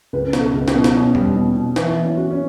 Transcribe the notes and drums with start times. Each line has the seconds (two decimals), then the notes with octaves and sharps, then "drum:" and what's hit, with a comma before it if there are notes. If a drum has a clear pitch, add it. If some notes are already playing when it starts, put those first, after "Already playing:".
0.13 C#2 B4
0.33 B2, drum: snare
0.40 A4
0.54 C#2
0.68 G4, drum: snare
0.74 B2
0.84 drum: snare
0.95 B2 C#4
1.15 G3, drum: tom E2
1.36 B2
1.56 B2
1.76 E3 B3, drum: snare
1.97 E3
2.04 C#4
2.17 F#4
2.31 C#4